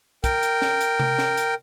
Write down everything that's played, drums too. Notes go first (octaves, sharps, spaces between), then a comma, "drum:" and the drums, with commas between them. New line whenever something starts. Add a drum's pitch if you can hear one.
A#4 G5, drum: kick, hi-hat
drum: hi-hat
drum: snare
drum: hi-hat
drum: tom C3
drum: snare
drum: hi-hat